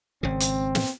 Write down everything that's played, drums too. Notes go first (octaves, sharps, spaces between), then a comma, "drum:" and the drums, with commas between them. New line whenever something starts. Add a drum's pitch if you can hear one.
G#1 C#3 C4
drum: hi-hat
drum: snare